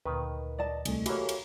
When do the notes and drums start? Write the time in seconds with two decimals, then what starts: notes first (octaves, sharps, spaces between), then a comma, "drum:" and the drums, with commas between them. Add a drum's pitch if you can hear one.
0.06 D2 A#2 D#3 B4
0.58 D5 D#5 A5
0.85 C2 A3 G#4, drum: cymbal
1.06 E3 A#3 F#4 G4 A4 C#5, drum: cymbal
1.29 drum: cymbal